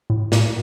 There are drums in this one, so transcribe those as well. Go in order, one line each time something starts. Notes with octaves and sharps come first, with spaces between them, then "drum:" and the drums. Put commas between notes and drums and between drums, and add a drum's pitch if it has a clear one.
A2
A2, drum: snare